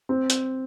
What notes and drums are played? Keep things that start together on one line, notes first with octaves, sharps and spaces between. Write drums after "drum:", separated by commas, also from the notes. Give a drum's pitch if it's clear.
C4
drum: hi-hat